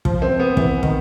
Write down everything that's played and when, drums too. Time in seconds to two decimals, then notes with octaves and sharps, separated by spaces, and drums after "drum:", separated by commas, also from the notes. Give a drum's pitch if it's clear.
0.05 F3, drum: kick
0.22 C4
0.39 B3
0.57 E3 B3, drum: kick
0.83 D#3, drum: kick